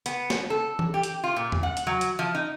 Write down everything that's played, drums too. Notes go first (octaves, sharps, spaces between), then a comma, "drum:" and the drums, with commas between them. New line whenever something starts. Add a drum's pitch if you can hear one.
B3, drum: hi-hat
drum: snare
A4
drum: tom E3
G4
drum: hi-hat
F4
A#2
drum: tom E2
F#5
drum: hi-hat
F#3
drum: hi-hat
F3
D#4